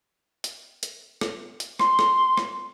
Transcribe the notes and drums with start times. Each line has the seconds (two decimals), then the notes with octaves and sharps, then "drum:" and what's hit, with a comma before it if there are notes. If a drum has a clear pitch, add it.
0.44 drum: hi-hat
0.83 drum: hi-hat
1.21 drum: rim click
1.60 drum: hi-hat
1.79 C6, drum: rim click
1.99 drum: rim click
2.37 drum: rim click